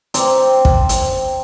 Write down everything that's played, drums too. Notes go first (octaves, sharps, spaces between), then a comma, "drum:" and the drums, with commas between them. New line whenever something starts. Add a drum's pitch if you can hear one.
C4 D5 G5 A#5, drum: hi-hat
drum: kick
drum: hi-hat